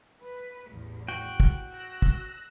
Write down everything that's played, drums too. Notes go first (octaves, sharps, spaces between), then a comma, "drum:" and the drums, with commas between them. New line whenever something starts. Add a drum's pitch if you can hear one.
B4
A1 E2
F#4 G5
drum: kick
E6 F#6 A#6
drum: kick